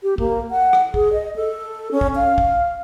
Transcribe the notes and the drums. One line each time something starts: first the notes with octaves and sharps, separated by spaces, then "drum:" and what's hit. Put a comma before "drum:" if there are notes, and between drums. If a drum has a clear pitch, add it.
G4
A#3, drum: kick
F#5
drum: rim click
G#4, drum: kick
D#5
A4
C#4
drum: kick
F5
drum: kick